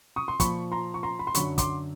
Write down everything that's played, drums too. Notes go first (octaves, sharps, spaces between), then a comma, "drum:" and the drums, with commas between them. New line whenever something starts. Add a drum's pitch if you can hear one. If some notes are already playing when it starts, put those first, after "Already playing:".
C#6 D#6
C6
A#2 F3 B5 C#6, drum: kick, hi-hat
A#5 C6
C#6
A#5 C6
B5
C6
F#2 D3 F#3 B5 C#6, drum: hi-hat
C6 D6, drum: kick, hi-hat